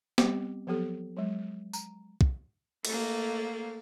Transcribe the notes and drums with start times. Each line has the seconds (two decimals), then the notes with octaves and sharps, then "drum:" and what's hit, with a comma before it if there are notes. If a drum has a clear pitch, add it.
0.18 G3 B3 C4 G4 D6, drum: snare
0.67 F3 F#3 B3 G4 A4
1.17 F#3 G#3
1.73 A#5, drum: tambourine
2.21 drum: kick
2.85 A3 A#3, drum: cymbal